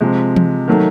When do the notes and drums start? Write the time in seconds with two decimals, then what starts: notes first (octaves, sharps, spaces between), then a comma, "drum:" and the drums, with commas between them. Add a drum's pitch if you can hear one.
0.01 C3 F3 G#3
0.36 drum: tom E3
0.68 D#3 F#3 A3